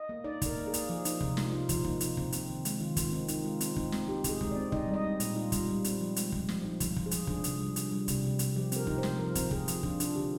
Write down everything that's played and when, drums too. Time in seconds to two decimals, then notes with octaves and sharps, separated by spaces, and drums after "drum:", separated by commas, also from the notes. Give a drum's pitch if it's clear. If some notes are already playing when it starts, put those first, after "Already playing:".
Already playing: D#5
0.09 A#3
0.24 D#4 D5
0.42 D#4 A#4, drum: kick, hi-hat
0.58 A#3
0.67 G#4
0.74 A#3, drum: hi-hat
0.89 F3 G#4
1.05 D#4, drum: hi-hat
1.21 C3 F4, drum: kick
1.37 D#4, drum: snare
1.52 D#4 F4
1.69 F3, drum: kick, hi-hat
1.85 A#3 D#4, drum: kick
2.00 D#4, drum: hi-hat
2.17 C4, drum: kick
2.32 C4, drum: hi-hat
2.49 D#3
2.65 G#3, drum: hi-hat
2.81 D#3 F4
2.97 D#3, drum: kick, hi-hat
3.12 C4 D#4
3.28 D#4, drum: hi-hat
3.45 G#3 F4
3.61 C4, drum: hi-hat
3.76 C4 D#4, drum: kick
3.92 C4, drum: snare
4.08 D#4 G4
4.24 D#4, drum: kick, hi-hat
4.29 G#4
4.41 G#3, drum: kick
4.51 C4 D5
4.72 D#4 D#5, drum: kick
4.88 G3
4.94 D#5
5.04 D#4
5.20 A#2, drum: hi-hat
5.36 D#4 F4
5.52 G3, drum: kick, hi-hat
5.68 G3
5.84 C4, drum: hi-hat
6.00 F3
6.16 G#3, drum: hi-hat
6.32 F3, drum: kick
6.49 F3, drum: snare
6.64 F3 D#4
6.80 F3, drum: kick, hi-hat
6.86 F4
6.96 F3, drum: kick
7.06 G#4
7.11 F3, drum: hi-hat
7.27 D4 G#4, drum: kick
7.44 C3, drum: hi-hat
7.59 G3
7.76 D4, drum: hi-hat
7.91 G3
8.08 C3, drum: kick, hi-hat
8.24 C3
8.39 C3, drum: hi-hat
8.56 F3 G4
8.72 C4 A#4, drum: hi-hat
8.87 D#4, drum: kick
8.98 C5
9.03 F3, drum: snare
9.19 F3 A#4
9.35 C4, drum: kick, hi-hat
9.51 F3 G#4, drum: kick
9.68 F3, drum: hi-hat
9.83 D4 F4, drum: kick
10.00 D4, drum: hi-hat
10.15 D3 G4